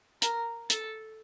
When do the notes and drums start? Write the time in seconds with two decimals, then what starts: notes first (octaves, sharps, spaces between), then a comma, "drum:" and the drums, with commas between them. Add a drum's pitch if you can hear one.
0.22 A#4, drum: hi-hat
0.70 A4, drum: hi-hat